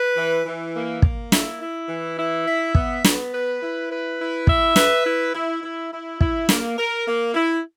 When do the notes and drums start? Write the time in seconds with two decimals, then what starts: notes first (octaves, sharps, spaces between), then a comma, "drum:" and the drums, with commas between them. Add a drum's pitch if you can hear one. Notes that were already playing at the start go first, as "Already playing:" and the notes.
Already playing: B4
0.16 E3
0.45 E3
0.74 A#3
1.02 A#3, drum: kick
1.32 E4, drum: snare
1.60 E4
1.88 E3
2.17 E4
2.47 E5
2.75 B3, drum: kick
3.04 B3, drum: snare
3.32 B4
3.62 E4
3.90 B4
4.19 E4
4.47 E5, drum: kick
4.76 B4, drum: snare
5.05 E4
5.34 E4
5.62 E4
5.92 E4
6.21 E4, drum: kick
6.49 A#3, drum: snare
6.77 A#4
7.06 A#3
7.34 E4